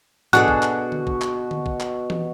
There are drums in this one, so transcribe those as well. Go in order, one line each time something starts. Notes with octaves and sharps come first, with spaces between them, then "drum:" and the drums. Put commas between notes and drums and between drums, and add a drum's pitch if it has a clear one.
B2 D4 F#4 G#4 A4 F#6, drum: tom G#2
drum: kick
drum: clap
drum: tom D3
drum: kick
drum: clap
drum: tom D3
drum: kick
drum: clap
drum: tom E3